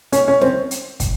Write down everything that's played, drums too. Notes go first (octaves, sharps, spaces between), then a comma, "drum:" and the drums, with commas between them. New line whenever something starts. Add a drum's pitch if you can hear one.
C#4, drum: hi-hat
C#4
C4, drum: snare
drum: hi-hat
drum: kick, hi-hat